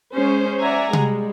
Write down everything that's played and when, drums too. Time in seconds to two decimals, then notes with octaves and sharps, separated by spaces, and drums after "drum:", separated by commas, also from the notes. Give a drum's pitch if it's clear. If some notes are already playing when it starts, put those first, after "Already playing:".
0.14 G#3 C#4 C5
0.59 D5 E5 F#5 G#5 A#5
0.93 G3 G#3, drum: tom C3